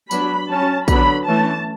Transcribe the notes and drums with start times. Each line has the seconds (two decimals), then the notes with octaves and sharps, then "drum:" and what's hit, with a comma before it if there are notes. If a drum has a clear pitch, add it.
0.11 F#3 B3 D4 B5, drum: tambourine
0.50 F#3 C#4 A5
0.88 D3 F#3 B3 D4 B5, drum: kick, tambourine
1.27 E3 A3 C#4 A5